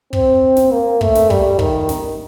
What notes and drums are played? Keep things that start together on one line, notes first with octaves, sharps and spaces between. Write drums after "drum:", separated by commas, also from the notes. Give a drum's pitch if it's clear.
C4, drum: kick
drum: snare
A#3
A3, drum: kick
drum: snare
G3, drum: kick
D#3, drum: kick
drum: snare